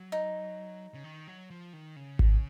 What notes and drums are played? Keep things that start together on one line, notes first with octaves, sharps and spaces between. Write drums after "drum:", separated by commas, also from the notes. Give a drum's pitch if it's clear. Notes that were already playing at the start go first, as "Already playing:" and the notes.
Already playing: F#3
D#4
C#3
D#3
F#3
F3
D#3
C#3
drum: kick G#1